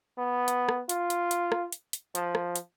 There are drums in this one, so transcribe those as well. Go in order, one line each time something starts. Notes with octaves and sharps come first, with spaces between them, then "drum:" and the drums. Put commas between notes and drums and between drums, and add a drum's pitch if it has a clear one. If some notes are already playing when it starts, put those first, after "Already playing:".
B3
drum: hi-hat
drum: rim click
F4, drum: hi-hat
drum: hi-hat
drum: hi-hat
drum: rim click
drum: hi-hat
drum: hi-hat
F3, drum: hi-hat
drum: rim click
drum: hi-hat